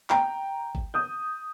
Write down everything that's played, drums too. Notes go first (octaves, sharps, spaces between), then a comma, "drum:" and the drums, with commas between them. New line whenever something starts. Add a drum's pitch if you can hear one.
G5 A#5, drum: clap
drum: kick G#1
D#6 G6